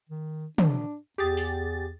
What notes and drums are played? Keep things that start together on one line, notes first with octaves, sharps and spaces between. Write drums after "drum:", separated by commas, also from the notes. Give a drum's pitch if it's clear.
D#3
D4, drum: tom
E2 G4 G#4 A6
drum: open hi-hat